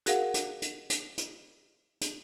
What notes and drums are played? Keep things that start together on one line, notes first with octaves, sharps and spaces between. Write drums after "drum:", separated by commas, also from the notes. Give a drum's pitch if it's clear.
F#4 G#4 A#4 F5 F#5, drum: hi-hat
drum: hi-hat
drum: hi-hat
drum: hi-hat
drum: hi-hat
drum: hi-hat